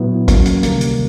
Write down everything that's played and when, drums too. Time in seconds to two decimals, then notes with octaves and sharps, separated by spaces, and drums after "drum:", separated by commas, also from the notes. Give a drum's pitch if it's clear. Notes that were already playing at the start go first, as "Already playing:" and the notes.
Already playing: A#2 F#3 B3 E4
0.28 F#3 A#3 C#4, drum: kick, hi-hat
0.46 drum: hi-hat
0.63 D2 C3 D#3 G3 A#3, drum: hi-hat
0.81 drum: hi-hat